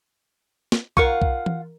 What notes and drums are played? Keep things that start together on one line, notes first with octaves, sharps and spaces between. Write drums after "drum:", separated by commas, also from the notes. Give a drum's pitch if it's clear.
drum: snare
F4 A#4 F5 F#5 C#6, drum: kick B1
drum: kick B1
drum: tom E3